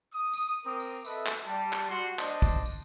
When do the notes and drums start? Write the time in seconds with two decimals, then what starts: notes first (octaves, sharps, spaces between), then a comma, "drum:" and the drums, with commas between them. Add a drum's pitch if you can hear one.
0.14 D#6
0.34 drum: tambourine
0.66 C4 A#4 D6 D#6
0.80 drum: tambourine
1.05 A4 B4 D#5 E5, drum: tambourine
1.26 drum: clap
1.46 G3 A5
1.73 drum: clap
1.89 G3 F#4 C6
2.19 D4 C5 D5 D#5 A5, drum: clap
2.42 drum: kick, tambourine
2.65 drum: tambourine